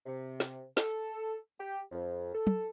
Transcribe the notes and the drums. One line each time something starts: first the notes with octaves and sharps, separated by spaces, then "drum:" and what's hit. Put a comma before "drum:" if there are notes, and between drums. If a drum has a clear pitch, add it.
C3
drum: snare
A4, drum: snare
G4
F2
A4
drum: tom